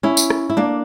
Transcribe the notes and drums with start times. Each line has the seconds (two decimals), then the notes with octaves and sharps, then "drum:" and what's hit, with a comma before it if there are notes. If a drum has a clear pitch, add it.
0.03 C#4 E4
0.17 drum: tambourine
0.30 drum: rim click
0.50 E4
0.57 A#3 D4